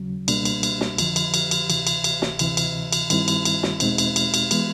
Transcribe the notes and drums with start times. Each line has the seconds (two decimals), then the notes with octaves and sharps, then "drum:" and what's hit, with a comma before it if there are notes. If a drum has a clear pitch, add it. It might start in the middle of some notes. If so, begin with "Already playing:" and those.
Already playing: D#2 C#3 F#3
0.28 C#2 B2 G3 A#3 D4, drum: cymbal
0.45 drum: cymbal
0.63 drum: cymbal
0.81 drum: snare
0.98 F2 D3 F3, drum: cymbal
1.16 drum: cymbal
1.34 drum: cymbal
1.51 drum: cymbal
1.70 D2 C3 E3, drum: cymbal
1.87 drum: cymbal
2.04 drum: cymbal
2.22 drum: snare
2.39 D2 C3 E3, drum: cymbal
2.57 drum: cymbal
2.92 drum: cymbal
3.10 G2 D#3 G3 C4 E4, drum: cymbal
3.28 drum: cymbal
3.45 drum: cymbal
3.63 drum: snare
3.80 E2 B2 G#3 C4 D#4, drum: cymbal
3.98 drum: cymbal
4.16 drum: cymbal
4.34 drum: cymbal
4.51 E3 G#3 B3, drum: cymbal